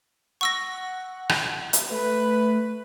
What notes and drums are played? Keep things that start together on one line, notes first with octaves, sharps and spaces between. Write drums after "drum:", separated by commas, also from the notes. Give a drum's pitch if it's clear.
F#5 C#6 E6 A#6
drum: rim click
drum: hi-hat
A3 B4